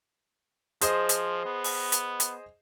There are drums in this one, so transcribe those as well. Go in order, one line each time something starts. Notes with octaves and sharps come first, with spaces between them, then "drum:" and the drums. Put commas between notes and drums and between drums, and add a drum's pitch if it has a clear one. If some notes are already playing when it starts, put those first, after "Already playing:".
F3 G#4 C5 D#5, drum: hi-hat
drum: hi-hat
B3
drum: open hi-hat
drum: hi-hat
drum: hi-hat